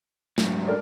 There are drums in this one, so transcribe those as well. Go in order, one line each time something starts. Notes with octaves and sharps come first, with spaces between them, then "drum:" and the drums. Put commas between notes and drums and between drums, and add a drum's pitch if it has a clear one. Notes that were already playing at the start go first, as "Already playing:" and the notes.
G#2 F#3, drum: snare
D4 A#4 D5